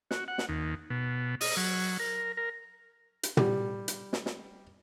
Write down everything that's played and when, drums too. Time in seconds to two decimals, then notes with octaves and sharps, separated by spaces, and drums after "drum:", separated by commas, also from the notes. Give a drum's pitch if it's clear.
0.11 F#4, drum: snare
0.28 F#5
0.38 drum: snare
0.49 D#2
0.90 B2
1.41 D#5, drum: open hi-hat
1.57 F#3
1.99 A#4
2.37 A#4
3.23 drum: hi-hat
3.37 G3, drum: tom
3.88 drum: hi-hat
4.13 drum: snare
4.26 drum: snare